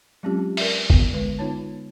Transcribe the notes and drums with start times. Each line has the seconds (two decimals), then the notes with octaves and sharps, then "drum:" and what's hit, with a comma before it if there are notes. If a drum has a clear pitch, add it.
0.23 F#3 G#3 C4 C#4 F4 G4
0.57 A#4 D5 E5, drum: open hi-hat
0.90 B3, drum: kick
1.13 D3 G#3 B4
1.39 B3 D#4 F4 C#5 A5